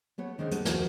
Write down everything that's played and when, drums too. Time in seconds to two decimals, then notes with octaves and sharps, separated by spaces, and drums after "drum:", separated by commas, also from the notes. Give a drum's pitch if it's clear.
0.18 A3 B3 C#5
0.38 D3 D#3 G#3 C4 D4
0.51 G3 A3 B3, drum: hi-hat
0.65 D#2 D#3 F3 F#4, drum: snare